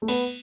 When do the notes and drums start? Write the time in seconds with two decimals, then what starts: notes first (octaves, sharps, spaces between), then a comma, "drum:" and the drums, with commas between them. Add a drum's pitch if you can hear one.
0.02 A3
0.08 B3, drum: cymbal